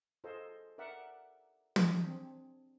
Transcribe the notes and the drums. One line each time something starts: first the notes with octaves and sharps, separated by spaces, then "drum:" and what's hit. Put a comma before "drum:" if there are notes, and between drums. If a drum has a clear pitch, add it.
F4 G#4 A4 C5 D#5
A#4 D5 E5 F#5
D4 G#4, drum: tom
C4